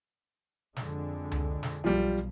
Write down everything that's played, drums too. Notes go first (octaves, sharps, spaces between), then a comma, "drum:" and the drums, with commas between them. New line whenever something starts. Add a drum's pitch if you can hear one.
F2 D3 G#3, drum: snare
drum: tom C#2
drum: snare
B1 F3 G3